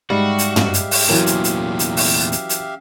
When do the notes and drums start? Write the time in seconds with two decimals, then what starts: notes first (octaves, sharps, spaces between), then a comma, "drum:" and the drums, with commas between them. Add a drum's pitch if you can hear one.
0.10 G#2 G3 F#4 G4 E5 F5
0.39 drum: hi-hat
0.56 drum: tom
0.74 drum: hi-hat
0.91 drum: open hi-hat
1.09 E2 A#2 E3 F#3 C#4 E4 A#4
1.26 drum: hi-hat
1.44 drum: hi-hat
1.79 drum: hi-hat
1.97 drum: open hi-hat
2.32 drum: hi-hat
2.49 drum: hi-hat